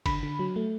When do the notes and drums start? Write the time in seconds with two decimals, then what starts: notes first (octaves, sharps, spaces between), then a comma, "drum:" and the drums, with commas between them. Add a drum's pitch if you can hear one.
0.06 D3 B5, drum: kick G1, cymbal
0.23 D3
0.39 F#3
0.56 A3